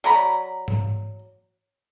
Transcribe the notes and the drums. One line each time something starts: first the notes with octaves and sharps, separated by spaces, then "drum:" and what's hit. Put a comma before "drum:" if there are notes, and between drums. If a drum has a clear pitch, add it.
F#3 D5 A#5 B5
drum: tom